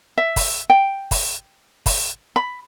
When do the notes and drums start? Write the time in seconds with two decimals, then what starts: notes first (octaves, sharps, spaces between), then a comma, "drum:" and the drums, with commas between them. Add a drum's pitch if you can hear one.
0.18 E5
0.36 drum: kick, open hi-hat
0.70 G5
1.11 drum: kick, open hi-hat
1.86 drum: kick, open hi-hat
2.36 B5